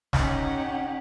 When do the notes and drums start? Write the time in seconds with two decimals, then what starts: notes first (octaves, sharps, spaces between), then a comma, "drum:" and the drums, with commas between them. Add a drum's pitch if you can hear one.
0.13 C#4 D#4 G4 F#5, drum: snare